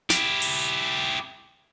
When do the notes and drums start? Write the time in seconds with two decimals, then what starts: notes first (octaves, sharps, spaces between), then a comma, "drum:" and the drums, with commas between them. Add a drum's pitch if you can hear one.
0.10 E4 G4, drum: snare
0.42 drum: open hi-hat